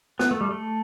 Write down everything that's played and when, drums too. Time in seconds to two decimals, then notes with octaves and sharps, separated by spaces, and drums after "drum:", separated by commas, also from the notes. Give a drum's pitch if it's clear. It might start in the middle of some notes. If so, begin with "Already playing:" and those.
0.19 B3, drum: snare
0.31 A3
0.41 G3
0.51 A3